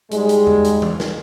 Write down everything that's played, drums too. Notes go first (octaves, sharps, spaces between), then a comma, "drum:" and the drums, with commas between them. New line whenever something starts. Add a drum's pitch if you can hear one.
G#2 G3 G#3, drum: hi-hat
drum: hi-hat
drum: tom E2
drum: hi-hat
drum: tom E3
drum: snare